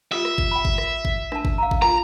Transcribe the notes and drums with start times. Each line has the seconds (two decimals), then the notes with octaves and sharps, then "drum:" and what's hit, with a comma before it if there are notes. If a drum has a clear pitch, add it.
0.12 F4 G4 E5 D#6
0.25 drum: rim click
0.38 drum: kick G#1
0.51 G5 B5
0.65 drum: kick G#1
0.78 drum: rim click
1.05 drum: kick G#1
1.32 D4 A5, drum: rim click
1.45 drum: kick G#1
1.58 F5 A#5
1.71 drum: kick G#1
1.82 F4 G5 A#5, drum: rim click